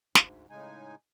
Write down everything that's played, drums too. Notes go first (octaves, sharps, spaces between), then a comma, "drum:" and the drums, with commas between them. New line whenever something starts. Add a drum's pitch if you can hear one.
D2 G#2, drum: snare
A2 C#3 G#3 D#4 G#5